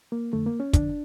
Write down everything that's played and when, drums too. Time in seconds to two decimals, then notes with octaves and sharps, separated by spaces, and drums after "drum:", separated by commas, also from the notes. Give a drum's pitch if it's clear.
0.12 A#3
0.33 F2 D3 A3
0.46 A#3
0.60 C#4
0.73 F2 D3 D4, drum: kick, hi-hat